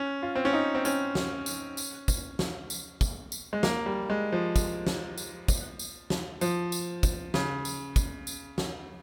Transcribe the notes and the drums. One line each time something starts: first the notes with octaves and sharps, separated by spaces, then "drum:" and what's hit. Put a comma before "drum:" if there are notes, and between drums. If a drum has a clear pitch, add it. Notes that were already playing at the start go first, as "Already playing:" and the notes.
Already playing: C#4
F4
C4
C#4
D#4
C4
C#4, drum: tambourine
drum: snare
drum: tambourine
drum: tambourine
drum: kick, tambourine
drum: snare
drum: tambourine
drum: kick, tambourine
drum: tambourine
G#3
A#3, drum: snare
G3
G#3
F3
drum: kick, tambourine
drum: snare
drum: tambourine
drum: kick, tambourine
drum: tambourine
drum: snare
F3, drum: tambourine
drum: tambourine
drum: kick, tambourine
C#3, drum: snare
drum: tambourine
drum: kick, tambourine
drum: tambourine
drum: snare